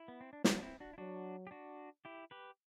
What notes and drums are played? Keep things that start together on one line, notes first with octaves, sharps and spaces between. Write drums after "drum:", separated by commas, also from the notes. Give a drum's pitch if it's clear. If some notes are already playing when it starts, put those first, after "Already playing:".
Already playing: E4
B3
C4
D4
F#3 C4 E4, drum: snare
D4
C4 E4
D4 F#4
E4
F#3 D4 F#4
G4
D4 F#4
E4 G4
G4 B4